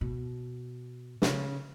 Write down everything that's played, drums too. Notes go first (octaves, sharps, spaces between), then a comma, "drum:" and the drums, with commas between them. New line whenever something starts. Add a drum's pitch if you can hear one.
B2
B2, drum: snare
C#3